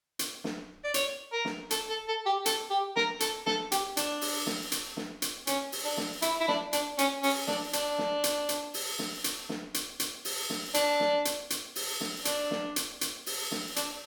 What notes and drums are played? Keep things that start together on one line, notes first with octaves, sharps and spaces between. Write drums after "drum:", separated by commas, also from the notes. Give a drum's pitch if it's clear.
drum: hi-hat
drum: snare
D5
C#5, drum: hi-hat
A#4
drum: snare
A4, drum: hi-hat
A4
A4
G4
A4, drum: hi-hat
G4
A#4, drum: snare
A4, drum: hi-hat
A4, drum: snare
G4, drum: hi-hat
D4, drum: hi-hat
drum: open hi-hat
drum: snare
drum: hi-hat
drum: snare
drum: hi-hat
C#4, drum: hi-hat
drum: open hi-hat
D4
drum: snare
E4, drum: hi-hat
E4
D4, drum: snare
D4, drum: hi-hat
C#4, drum: hi-hat
C#4, drum: open hi-hat
D4, drum: snare
D4, drum: hi-hat
drum: snare
drum: hi-hat
drum: hi-hat
drum: open hi-hat
drum: snare
drum: hi-hat
drum: snare
drum: hi-hat
drum: hi-hat
drum: open hi-hat
drum: snare
D4, drum: hi-hat
drum: snare
drum: hi-hat
drum: hi-hat
drum: open hi-hat
drum: snare
D4, drum: hi-hat
drum: snare
drum: hi-hat
drum: hi-hat
drum: open hi-hat
drum: snare
D4, drum: hi-hat